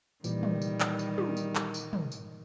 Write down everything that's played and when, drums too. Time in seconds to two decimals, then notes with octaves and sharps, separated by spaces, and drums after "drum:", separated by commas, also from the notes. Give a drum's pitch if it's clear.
0.24 A#2 D#3 E3 G3, drum: tambourine
0.43 drum: tom
0.62 drum: tambourine
0.80 drum: clap
0.99 drum: tambourine
1.18 drum: tom
1.37 drum: tambourine
1.55 drum: clap
1.74 drum: tambourine
1.93 drum: tom
2.12 drum: tambourine